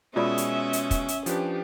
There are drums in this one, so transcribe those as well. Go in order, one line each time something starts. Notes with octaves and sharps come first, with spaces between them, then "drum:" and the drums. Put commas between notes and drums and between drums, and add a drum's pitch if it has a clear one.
B2 G#3 C#4 F4 D5 E5 B5 D#6
drum: hi-hat
drum: hi-hat
drum: kick, hi-hat
drum: hi-hat
F3 D4 G4 B4, drum: hi-hat